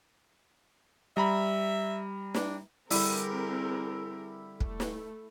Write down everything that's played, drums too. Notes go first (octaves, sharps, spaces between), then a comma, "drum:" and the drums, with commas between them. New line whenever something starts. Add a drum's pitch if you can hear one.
G3 E5 A#5 B5
D4, drum: snare
D3 G3 C4 E4 G#4 A#4, drum: open hi-hat
A3, drum: kick
drum: snare